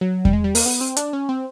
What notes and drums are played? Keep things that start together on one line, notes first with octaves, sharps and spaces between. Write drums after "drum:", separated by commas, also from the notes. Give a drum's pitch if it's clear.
F#3
G3, drum: kick E2
G#3
G3
A#3, drum: open hi-hat
B3
C4
D4, drum: hi-hat
C#4
C4